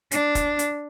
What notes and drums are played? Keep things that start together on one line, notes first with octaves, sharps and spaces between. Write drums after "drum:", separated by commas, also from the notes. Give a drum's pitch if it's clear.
D4, drum: hi-hat
drum: kick, hi-hat
drum: hi-hat